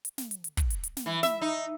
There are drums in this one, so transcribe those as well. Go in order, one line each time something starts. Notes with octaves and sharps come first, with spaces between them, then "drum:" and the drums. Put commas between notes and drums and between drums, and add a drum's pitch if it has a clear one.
drum: hi-hat
drum: snare
drum: hi-hat
drum: hi-hat
drum: kick, hi-hat
drum: hi-hat
drum: hi-hat
drum: snare
E3
E5, drum: snare
D#4